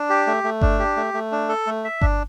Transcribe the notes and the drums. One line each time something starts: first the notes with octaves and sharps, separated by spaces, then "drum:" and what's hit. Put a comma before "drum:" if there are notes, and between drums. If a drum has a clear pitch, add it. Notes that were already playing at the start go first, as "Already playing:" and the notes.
Already playing: D4
G4
A3
A3
D4, drum: kick G1
G4
A3
A3
D4
A4
A3
E5
D4, drum: kick G1